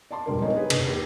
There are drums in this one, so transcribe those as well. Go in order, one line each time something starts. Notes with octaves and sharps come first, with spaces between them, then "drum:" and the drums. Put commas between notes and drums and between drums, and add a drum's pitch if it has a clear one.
D5 A5 C6
E1 G3 A#4
F3 G#3 B3 D#4 A#4 C#5
G#4 B4 C#5
F1, drum: cymbal
D#2 G4 C7